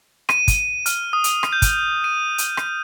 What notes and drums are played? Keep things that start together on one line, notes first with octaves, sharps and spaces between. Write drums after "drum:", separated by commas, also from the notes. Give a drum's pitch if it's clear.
D#7, drum: rim click
drum: kick, hi-hat
F6, drum: hi-hat
D#6
drum: hi-hat
drum: rim click
G6
drum: kick, hi-hat
D#7
drum: hi-hat
drum: rim click